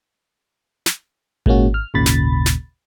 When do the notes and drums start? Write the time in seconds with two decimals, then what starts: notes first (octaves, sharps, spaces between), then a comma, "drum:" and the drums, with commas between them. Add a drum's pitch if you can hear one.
0.86 drum: snare
1.46 A#2 G#3 A#3 C#4 F#4, drum: kick G#1
1.74 F6
1.94 G#1 D#2 A#2 C#3 B5 A6
2.06 drum: snare
2.46 drum: snare